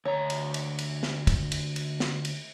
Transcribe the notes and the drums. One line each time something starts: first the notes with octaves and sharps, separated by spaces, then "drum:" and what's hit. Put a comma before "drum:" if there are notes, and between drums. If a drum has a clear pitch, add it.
D2 C#5 A#5
drum: cymbal
drum: cymbal
drum: cymbal
drum: snare
drum: kick, cymbal
drum: cymbal
drum: cymbal
drum: snare
drum: cymbal